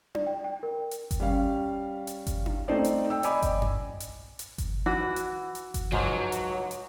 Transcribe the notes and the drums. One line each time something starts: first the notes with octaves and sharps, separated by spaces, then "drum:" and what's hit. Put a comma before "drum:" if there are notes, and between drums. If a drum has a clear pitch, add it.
D5, drum: tom D4
G5
G5
A#4
drum: hi-hat
drum: kick G1, hi-hat
G3 C#4 F5
drum: hi-hat
drum: kick G1, hi-hat
drum: tom D4
A3 C4 D#4 A4 C5 D5
drum: hi-hat
G5 E6
D5 D#5 G#5 B5 D6, drum: hi-hat
drum: kick G1, hi-hat
drum: tom F#2
drum: hi-hat
drum: hi-hat
drum: kick G1, hi-hat
E3 F#4
drum: hi-hat
drum: hi-hat
drum: kick G1, hi-hat
C#2 G#2 F3 F#3, drum: tom F#2
drum: hi-hat
drum: hi-hat